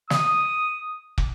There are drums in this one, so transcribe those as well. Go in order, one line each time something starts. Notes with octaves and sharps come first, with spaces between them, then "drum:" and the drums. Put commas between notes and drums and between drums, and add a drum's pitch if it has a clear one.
D#6, drum: snare
drum: kick